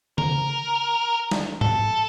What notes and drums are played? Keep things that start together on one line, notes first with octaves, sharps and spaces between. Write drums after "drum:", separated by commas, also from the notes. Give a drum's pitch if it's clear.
A#4, drum: tom C#3
drum: snare
A4, drum: tom G#2